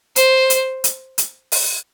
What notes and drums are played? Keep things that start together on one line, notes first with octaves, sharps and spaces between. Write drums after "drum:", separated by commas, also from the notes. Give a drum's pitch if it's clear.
C5, drum: hi-hat
drum: hi-hat
drum: hi-hat
drum: hi-hat
drum: open hi-hat